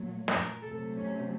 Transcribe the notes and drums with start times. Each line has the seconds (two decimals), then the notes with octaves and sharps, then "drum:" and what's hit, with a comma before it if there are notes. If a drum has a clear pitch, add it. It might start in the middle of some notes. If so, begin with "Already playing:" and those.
Already playing: A#2 F#3 A3
0.28 A#4, drum: snare
0.62 C3 F#3 A3 A4
0.97 C#4